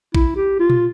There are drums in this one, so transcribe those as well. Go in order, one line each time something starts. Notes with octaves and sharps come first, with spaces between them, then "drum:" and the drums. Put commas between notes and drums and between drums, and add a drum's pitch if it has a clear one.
E4, drum: kick A#1
G4
F4
drum: tom A#2